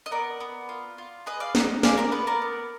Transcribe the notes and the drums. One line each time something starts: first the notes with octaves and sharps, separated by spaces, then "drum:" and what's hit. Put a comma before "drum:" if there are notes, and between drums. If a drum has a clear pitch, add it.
D#5
B3 A#4 D5
B3
F4
F4
G#4 B4 D#5
D5 F5
D#4 D#5 F#5, drum: snare
G#4 D5 F5, drum: snare
A#4 D5
B3 B4
A#4 D5
B3